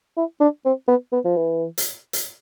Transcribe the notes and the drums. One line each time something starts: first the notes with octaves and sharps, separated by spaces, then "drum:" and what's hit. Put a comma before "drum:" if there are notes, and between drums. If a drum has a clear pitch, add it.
E4
D4
C4
B3
B3
F3
E3
drum: hi-hat
drum: hi-hat